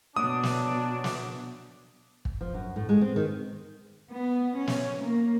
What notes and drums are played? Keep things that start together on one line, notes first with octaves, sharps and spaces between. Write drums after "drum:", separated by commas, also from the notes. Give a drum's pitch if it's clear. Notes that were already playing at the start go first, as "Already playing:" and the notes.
B2 F#3 C#4 D4 D#6
drum: snare
drum: snare
drum: kick
F3
F#2
A2
G#3
C4
D#3
B3
C#4
drum: snare
A#3